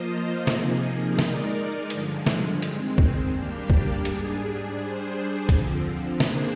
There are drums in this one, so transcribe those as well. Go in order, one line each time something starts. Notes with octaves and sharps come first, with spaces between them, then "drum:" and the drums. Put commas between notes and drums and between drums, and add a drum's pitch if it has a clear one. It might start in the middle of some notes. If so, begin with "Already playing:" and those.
Already playing: F3 A#3 F4 C5 D#5
C3 F3 A#3 D#4 G#4, drum: snare
G#3 D#4 A#4 D5, drum: snare
G2 D3 F3 G#3, drum: hi-hat
drum: snare
D#3 G#3 C4, drum: hi-hat
drum: kick
G3 A#3 D4 G4
drum: kick
G#2 G3 D4 G#4, drum: hi-hat
G3 D4 G#4 C5
D3 F3 C4, drum: kick, hi-hat
D#3 A#3 D4 G#4 C5, drum: snare